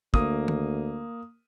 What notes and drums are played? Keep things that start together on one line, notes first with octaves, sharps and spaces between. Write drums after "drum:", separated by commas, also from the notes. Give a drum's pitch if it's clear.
D2 A#3 D#6, drum: kick
drum: tom D#3